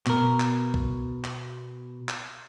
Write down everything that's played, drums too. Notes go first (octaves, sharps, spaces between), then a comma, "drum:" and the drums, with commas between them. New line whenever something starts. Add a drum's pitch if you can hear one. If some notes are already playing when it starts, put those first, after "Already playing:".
B2 A#4, drum: clap
drum: clap
drum: kick B1
drum: clap
drum: clap